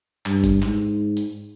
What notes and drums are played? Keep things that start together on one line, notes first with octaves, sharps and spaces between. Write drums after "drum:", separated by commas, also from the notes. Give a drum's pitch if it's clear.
G2, drum: clap
drum: kick G1, hi-hat
G#2, drum: clap
drum: hi-hat